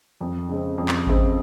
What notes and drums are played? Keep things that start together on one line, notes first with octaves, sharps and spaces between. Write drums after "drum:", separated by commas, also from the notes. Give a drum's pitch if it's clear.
F2
C#3 G#3 C4
F2
drum: clap
C#3 G#3 C4, drum: kick G#1